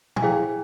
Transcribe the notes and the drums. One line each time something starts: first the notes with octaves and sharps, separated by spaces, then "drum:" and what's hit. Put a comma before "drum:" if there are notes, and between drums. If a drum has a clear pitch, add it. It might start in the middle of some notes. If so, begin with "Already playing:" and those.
G#5, drum: tom A#2
E4 G#4 C5 F5 G5